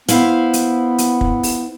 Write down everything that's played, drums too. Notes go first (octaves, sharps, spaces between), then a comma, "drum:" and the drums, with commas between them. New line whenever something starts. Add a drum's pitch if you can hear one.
B3 E4 C5 F5, drum: hi-hat
drum: hi-hat
drum: hi-hat
drum: kick
drum: open hi-hat